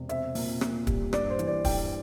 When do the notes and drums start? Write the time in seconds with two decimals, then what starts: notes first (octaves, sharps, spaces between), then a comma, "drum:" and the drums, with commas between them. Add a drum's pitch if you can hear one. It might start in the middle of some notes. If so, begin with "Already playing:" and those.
Already playing: E1 C3
0.09 C4 E5, drum: hi-hat
0.35 A#2, drum: open hi-hat
0.61 A#2, drum: rim click
0.87 G3, drum: kick, hi-hat
1.13 G2 D5, drum: rim click
1.30 C5
1.39 E3, drum: hi-hat
1.47 D5
1.65 G2 G5, drum: kick, open hi-hat